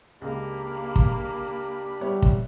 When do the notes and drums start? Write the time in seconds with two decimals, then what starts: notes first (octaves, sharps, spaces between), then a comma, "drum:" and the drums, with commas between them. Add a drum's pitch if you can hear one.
0.22 C#2 A#3 D4 G4 B5
0.96 drum: kick
2.01 G3 B3 E4 C#5
2.22 drum: kick